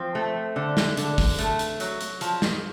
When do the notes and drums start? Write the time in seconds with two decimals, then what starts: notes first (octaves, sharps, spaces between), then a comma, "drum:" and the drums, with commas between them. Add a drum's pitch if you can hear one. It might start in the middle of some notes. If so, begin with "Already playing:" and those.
Already playing: F3 C4
0.15 A3
0.56 D3
0.77 drum: snare
0.97 D3, drum: hi-hat
1.18 drum: kick, open hi-hat
1.39 A3, drum: hi-hat
1.59 drum: hi-hat
1.80 F#3, drum: hi-hat
2.01 drum: hi-hat
2.21 F3, drum: hi-hat
2.42 drum: snare